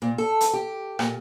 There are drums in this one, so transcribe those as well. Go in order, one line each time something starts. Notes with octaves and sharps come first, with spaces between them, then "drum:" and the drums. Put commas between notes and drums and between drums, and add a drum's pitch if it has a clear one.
A#2
A4
drum: hi-hat
G4
A#2, drum: rim click